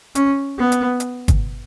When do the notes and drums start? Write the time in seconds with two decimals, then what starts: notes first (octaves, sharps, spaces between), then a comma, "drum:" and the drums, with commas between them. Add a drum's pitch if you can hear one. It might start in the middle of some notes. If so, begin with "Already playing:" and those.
0.15 C#4, drum: hi-hat
0.58 B3
0.72 drum: hi-hat
1.00 drum: hi-hat
1.28 drum: kick, hi-hat